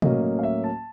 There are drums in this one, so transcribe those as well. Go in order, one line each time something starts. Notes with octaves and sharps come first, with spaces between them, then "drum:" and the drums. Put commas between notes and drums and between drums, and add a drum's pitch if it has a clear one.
A2 F#3 A#3 C#4 D#5, drum: tom B2
D#5
F5
E5
A5